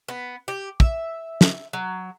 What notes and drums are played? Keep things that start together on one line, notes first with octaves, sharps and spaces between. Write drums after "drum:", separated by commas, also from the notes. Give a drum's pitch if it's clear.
B3
G4
E5, drum: kick
drum: snare
F#3